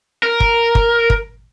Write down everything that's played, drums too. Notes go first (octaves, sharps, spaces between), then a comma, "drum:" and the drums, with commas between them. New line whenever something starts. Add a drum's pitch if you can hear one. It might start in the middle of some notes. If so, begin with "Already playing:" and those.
A#4
drum: kick
drum: kick
drum: kick